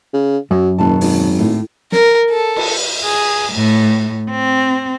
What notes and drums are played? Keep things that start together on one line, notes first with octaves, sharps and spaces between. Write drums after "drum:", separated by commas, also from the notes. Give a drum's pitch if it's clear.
C#3
F#2 F#3
F#1 D#2 B2 A5
G#1, drum: open hi-hat
A2
A#4, drum: snare
A4
drum: cymbal
G#4
A2
C4